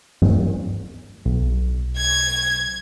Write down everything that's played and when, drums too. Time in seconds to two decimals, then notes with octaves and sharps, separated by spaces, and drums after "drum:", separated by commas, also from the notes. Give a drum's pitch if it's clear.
0.22 drum: tom G2
1.25 B1
1.97 G#6